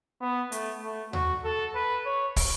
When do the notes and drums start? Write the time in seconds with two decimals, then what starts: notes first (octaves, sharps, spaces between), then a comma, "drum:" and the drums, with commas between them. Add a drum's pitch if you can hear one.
0.21 B3
0.52 A3, drum: hi-hat
0.83 A3
1.13 F#4, drum: tom D#2
1.44 A4
1.75 B4
2.06 C#5
2.36 drum: kick, open hi-hat